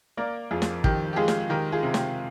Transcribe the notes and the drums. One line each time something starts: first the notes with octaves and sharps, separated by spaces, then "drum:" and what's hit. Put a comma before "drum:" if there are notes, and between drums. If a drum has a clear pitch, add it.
A#3 A#4 D5
F2 F4 G#4
drum: snare
D#3 G4, drum: kick
G4
G#3 F4 G#4
drum: snare
D#3 G4 A#4
F4 G#4
C3
G4, drum: snare